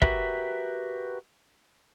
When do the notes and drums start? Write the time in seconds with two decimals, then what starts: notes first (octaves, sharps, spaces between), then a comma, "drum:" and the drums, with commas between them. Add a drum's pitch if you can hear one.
0.02 F#4 G4 A#4 B4 E5, drum: kick